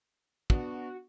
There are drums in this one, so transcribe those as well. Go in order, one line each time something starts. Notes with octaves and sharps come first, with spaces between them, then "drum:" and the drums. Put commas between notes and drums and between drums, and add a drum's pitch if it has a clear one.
B3 D4 F#4, drum: kick